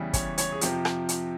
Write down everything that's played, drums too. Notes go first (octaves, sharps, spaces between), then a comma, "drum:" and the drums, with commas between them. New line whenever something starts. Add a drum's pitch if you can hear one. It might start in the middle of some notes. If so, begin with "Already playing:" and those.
Already playing: E2 C#3 E3 G3
C#5, drum: kick, hi-hat
C#5, drum: hi-hat
G#4
F2 C3 F3 G4, drum: hi-hat
drum: rim click
drum: hi-hat